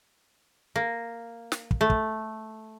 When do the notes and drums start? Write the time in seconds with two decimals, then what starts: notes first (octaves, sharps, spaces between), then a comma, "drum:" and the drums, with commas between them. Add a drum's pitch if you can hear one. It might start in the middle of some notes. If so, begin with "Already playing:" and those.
0.76 A#3
1.52 drum: snare
1.71 drum: kick
1.81 A3
1.90 drum: kick